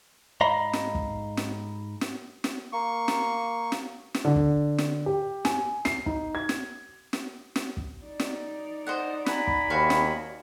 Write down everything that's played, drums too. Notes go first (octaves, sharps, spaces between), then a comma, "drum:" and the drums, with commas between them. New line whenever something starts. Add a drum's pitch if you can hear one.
G#2 D#5 F5 A#5 B5
drum: snare
drum: kick
drum: snare
drum: snare
drum: snare
A#3 C#6
drum: snare
drum: snare
drum: snare
D3
drum: kick
drum: snare
G4
G#5, drum: snare
C7, drum: snare
D#4, drum: kick
G#6
drum: snare
drum: snare
drum: snare
drum: kick
D#4 D5
drum: snare
C5 D#5 F#5
F#5 G#5 A#5 B5, drum: snare
drum: kick
D#2 F#4 C5 F5
drum: snare